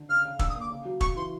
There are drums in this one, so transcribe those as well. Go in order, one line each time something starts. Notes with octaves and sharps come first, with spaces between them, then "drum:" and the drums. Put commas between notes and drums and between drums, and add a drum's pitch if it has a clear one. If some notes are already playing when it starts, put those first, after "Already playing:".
Already playing: D3
C#3 F6
C#3
D3 E6, drum: kick
D#6
A#3
D6
C#3
F#3
C#3 C#6, drum: kick
E3 C6